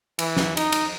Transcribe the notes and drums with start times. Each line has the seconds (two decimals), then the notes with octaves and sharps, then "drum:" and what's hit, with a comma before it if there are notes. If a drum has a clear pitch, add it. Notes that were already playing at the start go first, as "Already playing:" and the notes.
0.19 E3, drum: cymbal
0.37 drum: snare
0.57 D#4, drum: cymbal
0.72 drum: cymbal